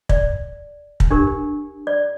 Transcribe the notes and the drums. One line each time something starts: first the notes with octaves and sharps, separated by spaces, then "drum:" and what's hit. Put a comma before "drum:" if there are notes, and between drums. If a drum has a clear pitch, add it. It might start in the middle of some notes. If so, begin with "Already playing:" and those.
D5, drum: kick
drum: kick
D4 G4 A#4
D5